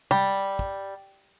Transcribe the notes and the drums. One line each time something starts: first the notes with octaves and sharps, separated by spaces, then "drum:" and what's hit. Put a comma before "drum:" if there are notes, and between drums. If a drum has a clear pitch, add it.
G3, drum: tom C3
drum: kick